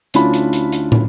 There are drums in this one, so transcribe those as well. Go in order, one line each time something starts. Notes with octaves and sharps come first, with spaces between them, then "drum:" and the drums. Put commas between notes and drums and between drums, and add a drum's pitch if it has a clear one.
D2 C#4 D4 E4 F4 B5, drum: hi-hat
drum: hi-hat
drum: hi-hat
drum: hi-hat
drum: tom